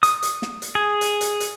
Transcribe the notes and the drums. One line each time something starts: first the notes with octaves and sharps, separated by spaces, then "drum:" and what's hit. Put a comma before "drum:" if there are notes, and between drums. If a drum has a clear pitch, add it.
D#6, drum: hi-hat
drum: hi-hat
drum: snare
drum: hi-hat
G#4
drum: hi-hat
drum: hi-hat
drum: hi-hat